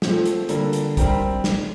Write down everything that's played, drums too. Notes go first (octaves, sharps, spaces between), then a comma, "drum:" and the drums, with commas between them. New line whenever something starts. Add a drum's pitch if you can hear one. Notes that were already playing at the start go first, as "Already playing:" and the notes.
F3 A3 C4, drum: snare
drum: hi-hat
D3 G3 A#3 D4, drum: hi-hat
drum: hi-hat
G3 C4 G4 A#4, drum: kick, hi-hat
drum: snare